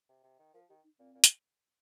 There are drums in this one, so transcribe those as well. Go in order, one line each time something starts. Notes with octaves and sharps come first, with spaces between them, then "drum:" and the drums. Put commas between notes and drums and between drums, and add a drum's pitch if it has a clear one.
C3
C3
D#3
F3 A#4
D#3 G4
D#4
A#2 C4
A#2
drum: hi-hat